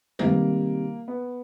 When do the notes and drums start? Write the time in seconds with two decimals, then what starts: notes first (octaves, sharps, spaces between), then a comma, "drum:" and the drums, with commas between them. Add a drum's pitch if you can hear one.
0.19 C3 D#3 G3 A#3, drum: tom G#3
1.08 B3